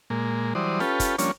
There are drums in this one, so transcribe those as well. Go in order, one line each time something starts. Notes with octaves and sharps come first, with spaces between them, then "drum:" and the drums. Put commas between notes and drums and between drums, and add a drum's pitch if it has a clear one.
A#2 G#3 A#3
E3 F#3 G3 C5 D5 D#6
C#4 F4 G4 A4 B4, drum: snare
drum: kick, hi-hat
F3 G3 A#3 C#4 D4 C#5, drum: hi-hat